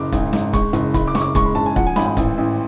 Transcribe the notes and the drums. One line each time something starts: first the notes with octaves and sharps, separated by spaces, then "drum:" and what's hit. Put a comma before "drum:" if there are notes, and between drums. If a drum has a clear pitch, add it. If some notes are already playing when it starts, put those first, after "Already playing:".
Already playing: F#1 D6
G#1, drum: kick, hi-hat
G#1, drum: snare
G#3 C#6, drum: kick, hi-hat
F#1, drum: hi-hat
F#1 B5, drum: kick, hi-hat
D6
F#1 C#6, drum: snare
D6
G#3 C#6, drum: kick, hi-hat
B5
F#1 A5
G#5
F3 F#5, drum: kick
G#5
G#1 B5, drum: snare
B5
A1, drum: kick, hi-hat
A1